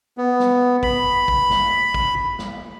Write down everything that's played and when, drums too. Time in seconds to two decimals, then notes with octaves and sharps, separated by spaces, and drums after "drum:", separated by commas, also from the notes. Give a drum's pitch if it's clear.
0.18 B3
0.40 drum: snare
0.83 B5, drum: kick
1.28 drum: kick
1.50 drum: snare
1.94 drum: kick
2.39 drum: snare